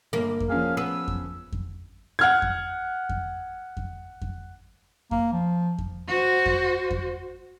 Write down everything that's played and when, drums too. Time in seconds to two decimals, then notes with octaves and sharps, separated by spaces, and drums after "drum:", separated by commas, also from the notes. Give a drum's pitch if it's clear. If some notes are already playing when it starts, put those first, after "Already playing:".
0.13 G1 A#3
0.40 drum: kick F2
0.49 F3 C#4 G#4 F5
0.77 B3 E6
1.08 drum: kick F2
1.52 drum: kick F2
2.19 F#5 F6 G#6
2.42 drum: kick F2
3.09 drum: kick F2
3.77 drum: kick F2
4.22 drum: kick F2
5.11 A#3, drum: kick F2
5.33 F3
5.78 drum: kick F2
6.08 F#4 C5
6.46 drum: kick F2
6.91 drum: kick F2